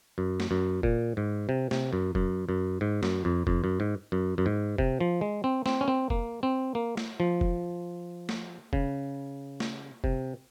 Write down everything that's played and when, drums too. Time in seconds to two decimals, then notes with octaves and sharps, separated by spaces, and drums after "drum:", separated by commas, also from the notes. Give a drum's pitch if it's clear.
0.18 F#2
0.40 drum: snare
0.51 F#2
0.83 A#2, drum: kick F1
1.17 G#2
1.49 C3
1.71 C3, drum: snare
1.93 F#2
2.15 F#2, drum: kick F1
2.49 F#2
2.81 G#2
3.03 F#2, drum: snare
3.25 F2
3.47 F2, drum: kick F1
3.64 F#2
3.80 G#2
4.12 F#2
4.38 F#2
4.46 G#2
4.78 C3, drum: kick F1
5.01 F3
5.21 G#3
5.44 C4
5.66 C4, drum: snare
5.81 C#4
5.88 C4
6.10 A#3, drum: kick F1
6.43 C4
6.75 A#3
6.97 drum: snare
7.20 F3
7.41 drum: kick F1
8.29 drum: snare
8.73 C#3, drum: kick F1
9.60 drum: snare
10.04 C3, drum: kick F1